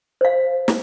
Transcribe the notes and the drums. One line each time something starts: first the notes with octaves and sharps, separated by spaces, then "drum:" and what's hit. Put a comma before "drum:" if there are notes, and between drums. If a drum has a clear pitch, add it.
C5 F5
drum: snare